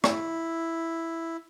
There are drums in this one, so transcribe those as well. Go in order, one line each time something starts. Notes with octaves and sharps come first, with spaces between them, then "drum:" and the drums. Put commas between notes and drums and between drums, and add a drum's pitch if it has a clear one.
E4, drum: rim click